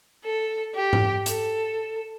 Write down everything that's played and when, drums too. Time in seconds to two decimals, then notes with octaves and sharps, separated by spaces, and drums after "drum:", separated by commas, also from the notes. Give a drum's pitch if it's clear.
0.24 A4
0.75 G4
0.93 drum: tom G#2
1.26 A4, drum: hi-hat